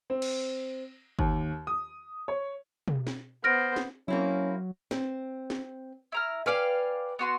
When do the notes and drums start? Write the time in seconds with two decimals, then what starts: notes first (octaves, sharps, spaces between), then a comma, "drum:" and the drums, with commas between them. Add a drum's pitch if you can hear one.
0.10 C4
0.22 drum: cymbal
1.19 D#2, drum: kick G1
1.67 D#6
2.28 C#5
2.88 drum: tom
3.07 drum: snare
3.44 B3 C5 F6 A#6 D7
3.76 drum: snare
4.08 F#3 A#3 C4 C#4 E4
4.91 C4, drum: snare
5.50 drum: snare
6.12 E4 A#5 F6
6.46 B4 D5 F5 G5 G#5
7.19 B3 F#4 C6